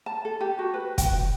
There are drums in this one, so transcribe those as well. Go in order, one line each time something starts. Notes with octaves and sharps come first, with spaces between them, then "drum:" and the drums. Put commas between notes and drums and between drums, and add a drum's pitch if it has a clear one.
A5
A4
G4
F#4
B4
G5, drum: kick, hi-hat